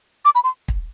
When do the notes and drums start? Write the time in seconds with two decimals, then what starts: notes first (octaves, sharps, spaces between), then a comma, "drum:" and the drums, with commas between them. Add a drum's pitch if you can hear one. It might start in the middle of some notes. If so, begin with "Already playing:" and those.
0.25 D6
0.35 B5
0.44 C6
0.68 drum: kick